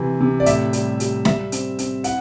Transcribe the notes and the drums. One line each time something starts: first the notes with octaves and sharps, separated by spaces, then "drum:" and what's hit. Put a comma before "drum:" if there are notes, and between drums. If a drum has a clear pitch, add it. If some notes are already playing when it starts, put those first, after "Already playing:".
Already playing: C3 E3
C3
D5
A2 E5, drum: hi-hat
G3, drum: hi-hat
G3, drum: hi-hat
G3 E5, drum: snare
C4, drum: hi-hat
C4, drum: hi-hat
E4 F#5, drum: hi-hat